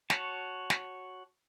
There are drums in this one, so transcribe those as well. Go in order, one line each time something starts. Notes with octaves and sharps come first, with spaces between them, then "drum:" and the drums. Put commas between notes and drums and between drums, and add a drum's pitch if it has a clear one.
F#4 C#5 A5, drum: snare
drum: snare